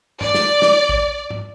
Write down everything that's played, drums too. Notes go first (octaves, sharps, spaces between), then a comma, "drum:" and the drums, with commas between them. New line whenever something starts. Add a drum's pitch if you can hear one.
D5, drum: tom G2
drum: snare
drum: snare
drum: kick
drum: tom G#2